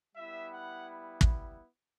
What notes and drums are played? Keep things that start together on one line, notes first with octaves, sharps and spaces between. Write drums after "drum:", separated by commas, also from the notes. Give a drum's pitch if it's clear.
G3 B3 E4 E5
F#5
drum: kick